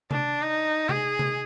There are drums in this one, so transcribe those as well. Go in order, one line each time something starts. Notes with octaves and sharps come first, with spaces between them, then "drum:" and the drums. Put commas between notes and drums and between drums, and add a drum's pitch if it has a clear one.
D4, drum: tom C3
D#4
G#4, drum: tom C3
drum: tom C3